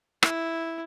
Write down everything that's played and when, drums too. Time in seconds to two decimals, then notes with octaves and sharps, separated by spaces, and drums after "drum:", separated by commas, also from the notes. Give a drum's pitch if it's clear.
0.23 E4, drum: rim click